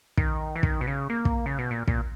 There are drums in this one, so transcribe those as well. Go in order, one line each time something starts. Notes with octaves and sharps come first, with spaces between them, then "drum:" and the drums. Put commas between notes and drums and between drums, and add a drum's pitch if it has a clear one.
D#3, drum: kick
E3
D#3, drum: kick
B2
C#3
A#3
drum: kick
C#3
B2
A#2
A#2, drum: kick